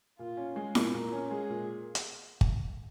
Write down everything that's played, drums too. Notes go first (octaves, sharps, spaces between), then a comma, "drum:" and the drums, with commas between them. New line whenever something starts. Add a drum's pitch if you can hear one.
A#2 F4
C#4
G#3 G#4
A#2, drum: snare E4
A#2 A#4
C#4
G#3 G#4
A#2
drum: hi-hat
drum: kick G1